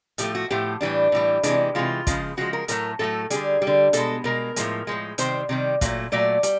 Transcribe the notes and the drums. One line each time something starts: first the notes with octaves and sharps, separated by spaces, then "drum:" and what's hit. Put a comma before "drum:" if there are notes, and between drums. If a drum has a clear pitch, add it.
A2 F3 A3 G4, drum: hi-hat
F#4
A2 F3 A3 G4
A2 E3 G3 D4
A2 E3 G3
C3 E3 G#3 D4, drum: hi-hat
C3 E3 G#3 F4
C#3 F3 G#3, drum: kick, hi-hat
C#3 F3 G#3 F#4
A#4
A2 F#3 A3 A#4, drum: hi-hat
A2 F#3 A3 A4
D3 G3 G#4, drum: hi-hat
G3
D3
B2 G#3 A4, drum: hi-hat
B2 G#3 A#4
A2 F3 G#3, drum: hi-hat
A2 F3 G#3
C3 D#3 G3 C5, drum: hi-hat
C3 D#3 G3
A#2 F#3 A3, drum: kick, hi-hat
A#2 F#3 A3 D5
G3, drum: hi-hat